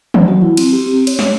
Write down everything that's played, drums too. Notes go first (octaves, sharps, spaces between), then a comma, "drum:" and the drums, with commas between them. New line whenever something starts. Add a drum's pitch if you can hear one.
F#3, drum: tom D#3
F#4
E4
C4, drum: cymbal
G4
C4
C#5, drum: cymbal
A3, drum: snare